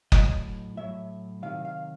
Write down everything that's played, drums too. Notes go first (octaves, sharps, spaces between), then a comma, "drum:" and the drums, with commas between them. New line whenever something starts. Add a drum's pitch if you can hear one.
A2 F#3 D#5, drum: kick F#1
A2 F#3 E5
C3 D#3 F#3 F5
F5